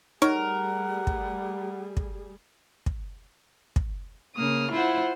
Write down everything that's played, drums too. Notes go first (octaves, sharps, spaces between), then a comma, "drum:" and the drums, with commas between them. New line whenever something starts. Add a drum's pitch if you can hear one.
G3 A3 D#4 G#4 A#4 C#5 F#5 C#6
drum: kick
drum: kick
drum: kick
drum: kick
C#3 A#3 D#6 F6
E4 F4 C5 F#5